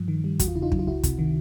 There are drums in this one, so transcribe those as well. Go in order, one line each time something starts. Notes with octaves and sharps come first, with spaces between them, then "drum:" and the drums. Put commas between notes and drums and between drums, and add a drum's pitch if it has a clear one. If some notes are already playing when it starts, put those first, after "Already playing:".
Already playing: G2 F3
D#3
G3
E2 F#4, drum: kick, hi-hat
F4
C#3 E4
D#4 F4
F#3, drum: kick
F4
C#2 E4 F#4
C3, drum: kick, hi-hat
D#3